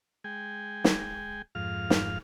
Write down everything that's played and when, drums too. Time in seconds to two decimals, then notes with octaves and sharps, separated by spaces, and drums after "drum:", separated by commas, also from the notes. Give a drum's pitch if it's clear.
0.24 G#3 G5 G#5
0.84 drum: snare
1.55 F2 G#2 F5 F6
1.90 drum: snare